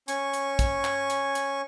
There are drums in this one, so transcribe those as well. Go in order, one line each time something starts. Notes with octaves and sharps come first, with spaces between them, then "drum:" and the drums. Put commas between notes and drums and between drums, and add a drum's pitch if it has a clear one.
C#4 G#5 C#6, drum: hi-hat
drum: hi-hat
drum: kick, hi-hat
drum: clap
drum: hi-hat
drum: hi-hat